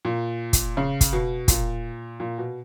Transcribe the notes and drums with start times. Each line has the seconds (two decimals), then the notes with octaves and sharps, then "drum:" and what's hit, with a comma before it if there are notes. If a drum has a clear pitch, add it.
0.05 A#2
0.53 drum: kick, hi-hat
0.77 C#3
1.01 drum: kick, hi-hat
1.13 B2
1.48 A#2, drum: kick, hi-hat
2.20 A#2
2.38 B2